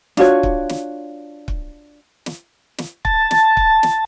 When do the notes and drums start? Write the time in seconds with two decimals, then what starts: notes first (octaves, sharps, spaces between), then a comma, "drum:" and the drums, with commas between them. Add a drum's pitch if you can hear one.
0.17 D4 F4 F#4 C#5, drum: snare
0.43 drum: kick
0.69 drum: snare
1.48 drum: kick
2.26 drum: snare
2.78 drum: snare
3.05 A5, drum: kick
3.31 drum: snare
3.57 drum: kick
3.83 drum: snare